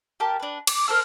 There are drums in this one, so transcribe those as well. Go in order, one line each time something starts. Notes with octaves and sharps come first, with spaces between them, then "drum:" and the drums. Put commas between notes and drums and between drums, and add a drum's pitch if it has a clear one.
G4 A#4 A5
D4 B4
D6, drum: cymbal
A#4 C5 A5 E6